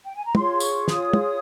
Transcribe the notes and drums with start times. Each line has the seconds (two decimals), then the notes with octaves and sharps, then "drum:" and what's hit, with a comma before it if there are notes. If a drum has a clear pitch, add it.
0.04 G5
0.15 G#5
0.24 A#5
0.35 F4 G#4 C#5 C6, drum: tom
0.60 C#6, drum: tambourine
0.88 D#6, drum: snare
1.13 drum: tom